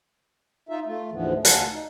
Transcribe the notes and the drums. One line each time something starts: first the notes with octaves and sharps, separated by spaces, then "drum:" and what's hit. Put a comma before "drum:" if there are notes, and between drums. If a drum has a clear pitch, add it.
D#4 F4 E5
A3 F4
D2 G#2 D3 E3 F3 B3
D2 F5 F#5 G#5 A5, drum: hi-hat
D#4